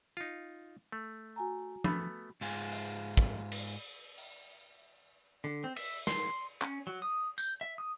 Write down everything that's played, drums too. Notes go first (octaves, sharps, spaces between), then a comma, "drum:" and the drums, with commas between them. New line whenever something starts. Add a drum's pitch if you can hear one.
D#4 F4
A3
F#4 G#5 A#5
A3 B3 B5, drum: tom F3
G#2 F4 G#4
drum: open hi-hat
drum: kick
drum: cymbal
drum: open hi-hat
D3
C4
E5, drum: cymbal
C6, drum: snare
C#4, drum: clap
F#3
D#6
G6, drum: tambourine
E5
D#6